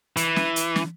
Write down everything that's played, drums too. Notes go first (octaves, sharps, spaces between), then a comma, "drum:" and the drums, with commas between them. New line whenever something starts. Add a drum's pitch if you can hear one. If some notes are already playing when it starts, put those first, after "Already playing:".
E3, drum: hi-hat
drum: snare
drum: hi-hat
drum: snare